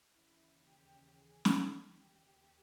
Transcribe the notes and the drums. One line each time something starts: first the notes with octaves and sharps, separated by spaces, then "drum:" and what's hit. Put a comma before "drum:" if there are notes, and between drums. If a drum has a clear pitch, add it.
D#2 C#3 E3 E4
G4
G#4
drum: snare
G4
D#2 D#3